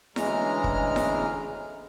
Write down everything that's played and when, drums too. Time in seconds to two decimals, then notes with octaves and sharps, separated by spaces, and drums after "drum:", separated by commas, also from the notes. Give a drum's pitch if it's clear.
0.16 D2 C#3 E3 G#3 A#5 F6, drum: snare E4
0.64 drum: kick
0.96 drum: snare E4